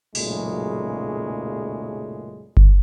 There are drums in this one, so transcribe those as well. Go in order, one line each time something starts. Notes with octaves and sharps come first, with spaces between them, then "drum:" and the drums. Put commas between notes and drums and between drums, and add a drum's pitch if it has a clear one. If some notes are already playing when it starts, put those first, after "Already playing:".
B1 F#2 A#2 C#3 G#3 A3, drum: open hi-hat
drum: kick G1